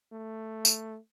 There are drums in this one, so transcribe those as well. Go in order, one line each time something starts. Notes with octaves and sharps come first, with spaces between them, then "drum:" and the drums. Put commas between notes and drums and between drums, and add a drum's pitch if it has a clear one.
A3
drum: tambourine